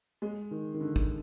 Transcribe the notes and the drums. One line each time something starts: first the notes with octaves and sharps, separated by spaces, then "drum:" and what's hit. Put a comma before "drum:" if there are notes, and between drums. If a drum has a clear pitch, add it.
G#3
D#3
D#3
D3
drum: kick